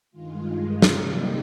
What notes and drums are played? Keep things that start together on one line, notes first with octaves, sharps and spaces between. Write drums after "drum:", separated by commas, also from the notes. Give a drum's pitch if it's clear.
G2 D#3 G#3 F4
F4
C3 G3 A#3 D#4, drum: snare